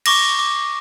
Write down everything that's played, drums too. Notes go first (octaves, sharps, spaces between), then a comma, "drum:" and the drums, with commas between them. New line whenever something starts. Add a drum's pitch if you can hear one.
C#6 D6 A#6, drum: cymbal
D6